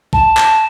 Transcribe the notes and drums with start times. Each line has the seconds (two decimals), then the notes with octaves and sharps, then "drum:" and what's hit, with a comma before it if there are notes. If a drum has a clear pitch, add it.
0.13 A5, drum: kick A#1
0.37 drum: clap